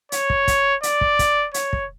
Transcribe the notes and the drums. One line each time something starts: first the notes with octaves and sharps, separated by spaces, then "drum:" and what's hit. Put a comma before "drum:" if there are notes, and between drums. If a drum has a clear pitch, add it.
C#5, drum: hi-hat
drum: kick
drum: kick, hi-hat
D5, drum: hi-hat
drum: kick
drum: kick, hi-hat
C#5, drum: hi-hat
drum: kick